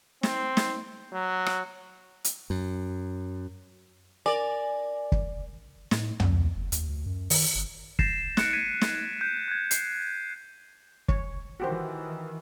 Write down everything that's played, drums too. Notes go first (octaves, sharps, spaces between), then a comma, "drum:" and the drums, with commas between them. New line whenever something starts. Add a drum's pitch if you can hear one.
C4, drum: snare
drum: snare
F#3
drum: rim click
drum: hi-hat
F#2
A#4 D5 G#5
drum: kick
A2, drum: snare
C#2, drum: tom
F#1
D#2, drum: hi-hat
D2
F#2
D#3, drum: open hi-hat
G1
G6 A6 A#6 C7 E7, drum: kick
F#6 C#7 D7, drum: snare
G#6 B6 D#7
drum: snare
G6
F#6 G#6
C7, drum: hi-hat
C#5, drum: kick
D#3 E3 F#4 G4 C5